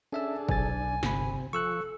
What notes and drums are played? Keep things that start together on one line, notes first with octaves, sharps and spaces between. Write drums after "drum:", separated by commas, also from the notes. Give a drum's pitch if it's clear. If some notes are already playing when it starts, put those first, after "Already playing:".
C#4 D4 G#4 A4 E5 E6
B1 G#5 A6, drum: kick
D4
G1 C3 B5, drum: snare
F3 A4 C#6 E6 F#6